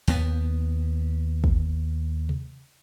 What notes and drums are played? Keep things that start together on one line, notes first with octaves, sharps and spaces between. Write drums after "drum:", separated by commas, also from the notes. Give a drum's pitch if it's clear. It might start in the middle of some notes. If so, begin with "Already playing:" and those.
D#2 B3, drum: open hi-hat
drum: kick
drum: tom C3